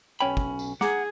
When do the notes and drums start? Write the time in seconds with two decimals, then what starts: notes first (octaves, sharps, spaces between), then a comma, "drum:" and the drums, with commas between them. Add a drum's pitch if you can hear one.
0.20 B1 C#4 C#5 G5 B5
0.37 drum: kick
0.59 drum: tambourine
0.81 G#4 F#5 A#5 D6, drum: snare